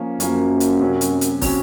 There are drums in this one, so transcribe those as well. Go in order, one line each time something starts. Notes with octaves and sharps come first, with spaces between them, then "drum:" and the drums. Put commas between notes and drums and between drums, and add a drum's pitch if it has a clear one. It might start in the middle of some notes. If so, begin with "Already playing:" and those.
Already playing: F3 A#3 C#4
F#2 F3 A#3 C#4, drum: hi-hat
drum: hi-hat
C3 F#3 C#4
drum: hi-hat
drum: hi-hat
C3 F#3 C#4, drum: kick, open hi-hat